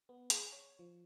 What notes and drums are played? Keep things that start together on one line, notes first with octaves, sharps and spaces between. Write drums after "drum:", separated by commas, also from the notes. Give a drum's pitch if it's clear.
B3
G#4, drum: hi-hat
C#5
F3